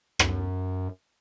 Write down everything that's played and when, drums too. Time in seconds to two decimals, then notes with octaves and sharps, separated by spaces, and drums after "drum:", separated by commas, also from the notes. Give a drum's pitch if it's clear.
0.19 F#2, drum: rim click